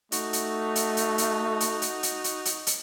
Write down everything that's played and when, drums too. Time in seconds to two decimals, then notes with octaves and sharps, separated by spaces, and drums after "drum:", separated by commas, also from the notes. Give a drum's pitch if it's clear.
0.12 A3 D#4 F#4, drum: hi-hat
0.33 drum: hi-hat
0.76 drum: hi-hat
0.97 drum: hi-hat
1.18 drum: hi-hat
1.60 drum: hi-hat
1.82 drum: hi-hat
2.03 drum: hi-hat
2.24 drum: hi-hat
2.45 drum: hi-hat
2.67 drum: hi-hat